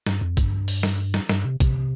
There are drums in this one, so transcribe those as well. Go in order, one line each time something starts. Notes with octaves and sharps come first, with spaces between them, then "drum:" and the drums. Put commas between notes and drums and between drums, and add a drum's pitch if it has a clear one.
G2, drum: snare
F2
G2, drum: kick, hi-hat
drum: open hi-hat
drum: snare
drum: snare
G2, drum: snare
C3
C3, drum: kick, hi-hat